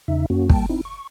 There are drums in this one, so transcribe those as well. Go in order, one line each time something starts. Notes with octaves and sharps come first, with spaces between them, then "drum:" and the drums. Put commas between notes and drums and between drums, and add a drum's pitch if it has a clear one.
E2 C#3 D#4 E5
F#2 A#3 C#4 F#4
G3 A#3 G5 A5, drum: kick
C4 D#4 E4
C#6